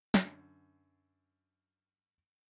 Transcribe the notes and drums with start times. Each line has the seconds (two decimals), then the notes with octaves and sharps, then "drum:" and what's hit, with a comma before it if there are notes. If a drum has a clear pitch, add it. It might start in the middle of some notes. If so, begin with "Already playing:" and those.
0.14 F#2 D3, drum: snare